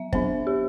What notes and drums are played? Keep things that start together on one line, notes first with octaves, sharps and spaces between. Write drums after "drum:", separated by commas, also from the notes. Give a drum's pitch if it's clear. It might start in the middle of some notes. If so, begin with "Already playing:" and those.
Already playing: F#3 B3 E5
F#3 B3 D4 C5, drum: kick G1
G4